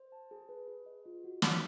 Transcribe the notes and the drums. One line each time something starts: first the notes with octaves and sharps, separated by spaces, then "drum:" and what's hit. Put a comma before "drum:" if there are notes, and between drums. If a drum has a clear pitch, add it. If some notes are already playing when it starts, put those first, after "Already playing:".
Already playing: C5
A5
G#4
B4
G#4
D#5
F4
F#4
D#4, drum: snare